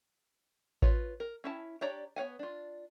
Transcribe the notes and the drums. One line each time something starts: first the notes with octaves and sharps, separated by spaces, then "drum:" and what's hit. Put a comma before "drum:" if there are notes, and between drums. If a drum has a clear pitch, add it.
F4 B4 C#5, drum: kick A1
A#4
C#4 E4 A5
D4 G4 C#5 D5 A#5
B3 C#5 F#5 G#5
D4 F4